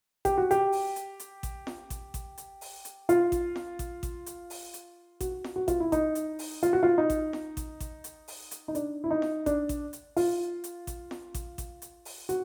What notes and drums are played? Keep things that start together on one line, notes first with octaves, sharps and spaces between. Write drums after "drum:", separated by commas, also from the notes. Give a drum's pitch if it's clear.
G4, drum: kick A1, hi-hat
F#4
G4, drum: hi-hat
drum: open hi-hat
drum: hi-hat
drum: hi-hat
drum: kick A1, hi-hat
drum: snare
drum: kick A1, hi-hat
drum: kick A1, hi-hat
drum: hi-hat
drum: open hi-hat
drum: hi-hat
F4, drum: hi-hat
drum: kick A1, hi-hat
drum: snare
drum: kick A1, hi-hat
drum: kick A1, hi-hat
drum: hi-hat
drum: open hi-hat
drum: hi-hat
F#4, drum: kick A1, hi-hat
drum: snare
F#4
F4, drum: kick A1, hi-hat
E4
D#4, drum: kick A1, hi-hat
drum: hi-hat
drum: open hi-hat
F4, drum: hi-hat
F#4
F4
D#4
drum: kick A1, hi-hat
drum: snare
drum: kick A1, hi-hat
drum: kick A1, hi-hat
drum: hi-hat
drum: open hi-hat
drum: hi-hat
D#4
D4, drum: hi-hat
E4
D#4
drum: snare
D4, drum: kick A1, hi-hat
drum: kick A1, hi-hat
drum: hi-hat
F4, drum: open hi-hat
drum: hi-hat
drum: kick A1, hi-hat
drum: snare
drum: kick A1, hi-hat
drum: kick A1, hi-hat
drum: hi-hat
drum: open hi-hat
F#4, drum: hi-hat